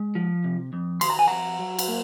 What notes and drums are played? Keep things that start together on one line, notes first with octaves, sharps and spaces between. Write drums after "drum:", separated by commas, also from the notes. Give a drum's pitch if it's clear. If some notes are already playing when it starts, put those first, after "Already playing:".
Already playing: G#3
F3
C3
F2
D#3 C6, drum: cymbal
A#5
G#5
F2 F#5 A#5
F#3
drum: cymbal
A#3